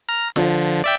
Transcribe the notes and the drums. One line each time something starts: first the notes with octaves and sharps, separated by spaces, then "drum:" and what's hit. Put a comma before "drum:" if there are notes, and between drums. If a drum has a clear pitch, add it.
A#5 F6
D3 F3, drum: snare F4
D5 E5 G5